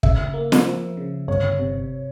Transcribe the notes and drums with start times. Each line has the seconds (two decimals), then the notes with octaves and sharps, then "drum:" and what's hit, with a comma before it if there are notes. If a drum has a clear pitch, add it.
0.03 C#3 E5, drum: kick
0.34 A#3
0.52 drum: snare
0.65 F3
0.97 C#3
1.28 G1 C#5
1.59 C3